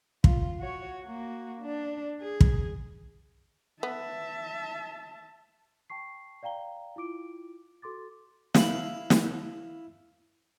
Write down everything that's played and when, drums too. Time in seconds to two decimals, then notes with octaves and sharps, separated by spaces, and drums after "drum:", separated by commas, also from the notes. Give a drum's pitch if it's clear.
0.24 F4, drum: kick
0.60 F#4 C#5
1.03 A#3 F#4
1.62 D4
2.21 G#4
2.40 drum: kick
3.83 B3 E5 A5
5.90 G5 A5 C#6 C7
6.43 D5 F5 G5 A#5 G7
6.96 E4 F4 D6 D7
7.82 F#4 A4 C6 D6 A6
8.55 E4 F5, drum: snare
9.10 drum: snare